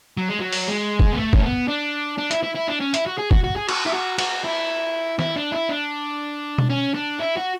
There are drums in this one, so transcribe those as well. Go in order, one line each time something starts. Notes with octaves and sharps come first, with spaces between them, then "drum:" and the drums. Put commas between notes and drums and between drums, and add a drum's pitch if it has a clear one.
F#3
G#3
F#3
drum: open hi-hat
G#3
drum: kick
B3
A3
C#4, drum: kick
B3
D4
D4
E4, drum: hi-hat
E4
E4
D4
C#4
E4, drum: hi-hat
F#4
G#4
F#4, drum: kick
F#4
G#4
F#4, drum: cymbal
E4
F#4
F#4, drum: cymbal
E4
E4, drum: snare
D4
E4
D4
drum: tom B2
C#4
D4
E4
F#4